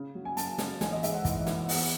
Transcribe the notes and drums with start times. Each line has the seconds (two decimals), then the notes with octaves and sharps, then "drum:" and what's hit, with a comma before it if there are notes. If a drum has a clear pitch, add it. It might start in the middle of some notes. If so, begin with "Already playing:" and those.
Already playing: C#3
0.15 F#3
0.25 G#5
0.37 F#2 A5, drum: hi-hat
0.58 C#3, drum: snare
0.81 A1 G#5, drum: snare
0.92 D#5
1.03 G#2 E5, drum: hi-hat
1.14 F#5
1.25 E3, drum: kick, hi-hat
1.47 E3, drum: snare
1.69 B3 F#5, drum: open hi-hat